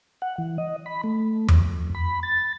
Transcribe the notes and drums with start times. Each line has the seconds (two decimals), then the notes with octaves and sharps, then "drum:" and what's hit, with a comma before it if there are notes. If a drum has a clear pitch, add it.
0.22 F#5
0.38 E3
0.58 D#5
0.86 B5
1.04 A3
1.48 F2, drum: tom E2
1.95 B5
2.23 A6